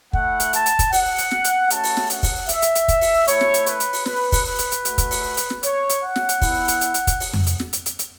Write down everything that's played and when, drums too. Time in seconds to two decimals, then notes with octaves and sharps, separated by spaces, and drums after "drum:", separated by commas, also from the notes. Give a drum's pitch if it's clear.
0.13 A3 E4 F#5, drum: kick
0.40 drum: hi-hat
0.53 A5, drum: hi-hat
0.66 drum: hi-hat
0.79 drum: kick, hi-hat
0.93 F#5, drum: open hi-hat
1.18 drum: hi-hat
1.31 drum: snare
1.44 drum: hi-hat
1.70 A3 C#4 F#4 A5, drum: hi-hat
1.84 drum: open hi-hat
1.97 drum: snare
2.10 F#5, drum: hi-hat
2.23 drum: kick, open hi-hat
2.49 E5, drum: hi-hat
2.62 drum: hi-hat
2.75 drum: hi-hat
2.88 drum: kick, hi-hat
3.01 drum: open hi-hat
3.28 A3 E4 C#5, drum: hi-hat
3.41 drum: snare
3.54 drum: hi-hat
3.66 B4, drum: hi-hat
3.80 drum: hi-hat
3.93 drum: open hi-hat
4.06 B4, drum: snare
4.32 drum: kick, open hi-hat
4.45 B4
4.59 drum: hi-hat
4.72 drum: hi-hat
4.85 A3 F#4, drum: hi-hat
4.98 drum: kick, hi-hat
5.11 drum: open hi-hat
5.37 drum: hi-hat
5.50 drum: snare
5.63 C#5, drum: hi-hat
5.89 drum: hi-hat
6.02 F#5
6.16 drum: snare
6.29 drum: hi-hat
6.42 B3 E4, drum: kick, open hi-hat
6.68 drum: hi-hat
6.81 drum: hi-hat
6.94 drum: hi-hat
7.07 drum: kick, hi-hat
7.20 drum: open hi-hat
7.33 drum: tom F2
7.46 drum: hi-hat
7.60 drum: snare
7.73 drum: hi-hat
7.86 drum: hi-hat
7.99 drum: hi-hat